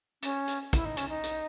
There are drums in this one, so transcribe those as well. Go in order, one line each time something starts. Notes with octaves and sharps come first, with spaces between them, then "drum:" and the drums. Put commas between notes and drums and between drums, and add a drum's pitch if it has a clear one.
C#4, drum: hi-hat
drum: hi-hat
E4, drum: kick, hi-hat
D#4
C#4, drum: hi-hat
D#4
drum: hi-hat